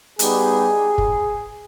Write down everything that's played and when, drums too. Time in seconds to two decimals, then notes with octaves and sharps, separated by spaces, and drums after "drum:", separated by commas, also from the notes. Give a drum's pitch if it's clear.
0.19 G3 B3 D#4 G4 G#4, drum: hi-hat
0.98 drum: kick